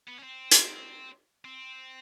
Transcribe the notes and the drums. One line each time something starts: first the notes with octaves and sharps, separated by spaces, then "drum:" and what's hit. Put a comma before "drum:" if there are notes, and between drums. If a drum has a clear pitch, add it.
B3
C#4
C4
drum: hi-hat
C4